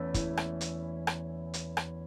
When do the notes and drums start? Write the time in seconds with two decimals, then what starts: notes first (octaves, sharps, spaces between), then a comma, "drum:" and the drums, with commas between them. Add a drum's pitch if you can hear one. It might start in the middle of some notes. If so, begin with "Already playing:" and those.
Already playing: E2 E3 A3 C#4
0.14 E4, drum: kick, hi-hat
0.37 drum: rim click
0.61 drum: hi-hat
1.07 drum: rim click
1.54 drum: hi-hat
1.77 drum: rim click